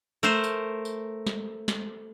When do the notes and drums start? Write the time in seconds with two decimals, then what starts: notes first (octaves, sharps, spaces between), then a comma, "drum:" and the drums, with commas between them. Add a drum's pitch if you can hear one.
0.23 A3 A#4 C5
0.44 drum: tambourine
0.85 drum: tambourine
1.27 drum: snare
1.68 drum: snare